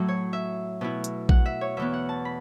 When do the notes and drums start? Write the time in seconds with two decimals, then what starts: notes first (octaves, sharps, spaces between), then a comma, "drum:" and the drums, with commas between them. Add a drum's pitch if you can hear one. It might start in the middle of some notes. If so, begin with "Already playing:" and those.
Already playing: A2 F#3 A3 E4
0.08 C#5
0.33 E5
0.81 B2 B3 E4
1.04 drum: hi-hat
1.29 F#5, drum: kick A#1
1.46 E5
1.61 C#5
1.77 E2 E3 B3 E5
1.93 F#5
2.09 A5
2.25 B5